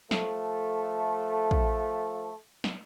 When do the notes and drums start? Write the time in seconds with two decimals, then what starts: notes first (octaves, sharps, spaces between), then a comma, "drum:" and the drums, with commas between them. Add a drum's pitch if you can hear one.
0.11 F3 A3, drum: snare
1.51 drum: kick
2.64 drum: snare